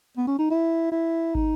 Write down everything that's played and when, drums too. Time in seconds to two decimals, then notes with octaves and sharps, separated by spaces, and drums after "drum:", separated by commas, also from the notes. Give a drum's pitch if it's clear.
0.17 B3
0.27 C#4
0.39 D#4
0.51 E4
0.92 E4
1.35 D#4, drum: kick